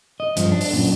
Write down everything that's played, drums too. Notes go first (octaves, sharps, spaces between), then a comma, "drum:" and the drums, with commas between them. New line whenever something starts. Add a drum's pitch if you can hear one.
D#5
G2 F3, drum: hi-hat
D4
drum: open hi-hat
F#2 A#2